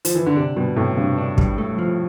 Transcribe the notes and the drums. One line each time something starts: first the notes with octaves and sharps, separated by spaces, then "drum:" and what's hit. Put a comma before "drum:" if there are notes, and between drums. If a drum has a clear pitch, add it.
F3, drum: hi-hat
E3
D3
C3 D4
B2 G3
A2 C3
G2 C3
D4
G3, drum: kick
A3
F3